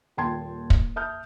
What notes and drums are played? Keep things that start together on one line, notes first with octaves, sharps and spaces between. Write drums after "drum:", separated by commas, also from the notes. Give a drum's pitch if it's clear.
D#1 A#2 G5 A5 C6 G#6
drum: kick
E5 A5 D#6 F6 G6